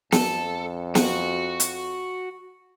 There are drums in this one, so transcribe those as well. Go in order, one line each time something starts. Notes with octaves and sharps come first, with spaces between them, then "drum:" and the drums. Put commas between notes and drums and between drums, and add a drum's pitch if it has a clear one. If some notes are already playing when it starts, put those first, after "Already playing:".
F2 A4, drum: snare
F#4, drum: snare
drum: hi-hat